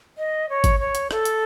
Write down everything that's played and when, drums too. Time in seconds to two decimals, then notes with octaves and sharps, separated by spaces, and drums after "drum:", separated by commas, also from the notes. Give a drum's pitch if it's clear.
0.18 D#5
0.49 C#5
0.64 drum: kick G#1, hi-hat
0.80 C#5
0.95 drum: hi-hat
1.11 A4, drum: rim click
1.25 drum: hi-hat